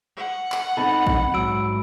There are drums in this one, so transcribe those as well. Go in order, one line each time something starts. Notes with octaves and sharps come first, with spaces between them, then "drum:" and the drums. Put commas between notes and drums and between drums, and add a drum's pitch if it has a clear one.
F#5
drum: clap
C4 D#4 A4 B5
drum: kick A1
G#2 F#3 E6 D7